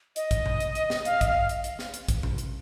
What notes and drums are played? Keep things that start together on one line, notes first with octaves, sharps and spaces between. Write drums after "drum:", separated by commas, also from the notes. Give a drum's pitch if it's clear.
D#5, drum: hi-hat
drum: kick A#1, hi-hat
drum: tom B2
drum: hi-hat
drum: hi-hat
drum: snare
F5, drum: hi-hat
D#5, drum: kick A#1, hi-hat
F5
drum: hi-hat
drum: hi-hat
drum: snare
drum: hi-hat
drum: kick A#1, hi-hat
drum: tom B2
drum: hi-hat